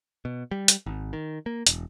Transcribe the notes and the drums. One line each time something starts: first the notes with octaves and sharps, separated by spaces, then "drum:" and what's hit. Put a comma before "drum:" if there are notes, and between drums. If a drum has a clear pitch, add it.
B2
G3
drum: hi-hat
G#1
D#3
A#3
E1, drum: hi-hat